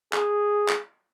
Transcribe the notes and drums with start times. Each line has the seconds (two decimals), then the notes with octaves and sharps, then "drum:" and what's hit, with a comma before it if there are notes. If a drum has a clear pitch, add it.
0.13 G#4, drum: clap
0.68 drum: clap